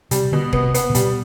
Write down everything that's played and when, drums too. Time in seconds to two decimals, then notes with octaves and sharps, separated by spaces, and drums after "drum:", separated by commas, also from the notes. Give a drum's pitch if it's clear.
0.11 C3 G3, drum: hi-hat
0.32 B2 D3
0.53 C3 B3, drum: kick E1
0.74 B3, drum: hi-hat
0.90 C3
0.95 B2 G3, drum: hi-hat